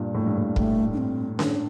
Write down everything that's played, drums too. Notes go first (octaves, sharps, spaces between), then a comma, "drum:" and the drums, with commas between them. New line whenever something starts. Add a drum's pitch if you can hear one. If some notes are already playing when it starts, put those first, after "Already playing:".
Already playing: G2 A#2
A2 A#3
G2
A2
A2 A3, drum: kick
D4
C4
D4, drum: snare C#4